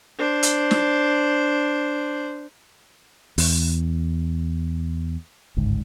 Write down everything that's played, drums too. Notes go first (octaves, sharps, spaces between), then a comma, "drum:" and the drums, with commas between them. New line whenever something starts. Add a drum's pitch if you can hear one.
D4 C5
drum: hi-hat
drum: snare
E2, drum: open hi-hat
G1 C#2 G#2